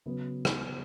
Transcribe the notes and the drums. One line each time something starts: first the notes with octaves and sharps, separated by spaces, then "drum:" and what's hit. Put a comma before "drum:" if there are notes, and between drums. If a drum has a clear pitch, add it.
C#3 F#3 B3 F#4 B4
drum: rim click